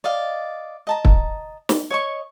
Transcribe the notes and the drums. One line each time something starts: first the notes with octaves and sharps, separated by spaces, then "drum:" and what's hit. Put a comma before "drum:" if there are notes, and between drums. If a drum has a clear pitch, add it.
D5 D#5 F5
D#5 A5 A#5
drum: kick
drum: snare
C#5 D#5 C#6